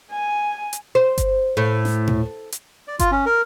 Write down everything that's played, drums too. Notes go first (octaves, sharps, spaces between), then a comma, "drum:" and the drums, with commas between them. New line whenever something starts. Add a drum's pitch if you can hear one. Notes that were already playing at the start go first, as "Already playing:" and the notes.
G#5
drum: hi-hat
C5
drum: kick G1, hi-hat
A2
drum: snare
drum: tom A#2
drum: hi-hat
D5
F4, drum: kick G1, hi-hat
C#4
A#4